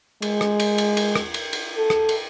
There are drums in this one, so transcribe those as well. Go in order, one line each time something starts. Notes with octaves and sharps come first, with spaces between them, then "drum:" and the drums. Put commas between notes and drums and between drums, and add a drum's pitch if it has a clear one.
G#3, drum: cymbal
drum: rim click
drum: cymbal
drum: cymbal
drum: cymbal
drum: rim click
drum: cymbal
drum: cymbal
A4
drum: rim click
drum: cymbal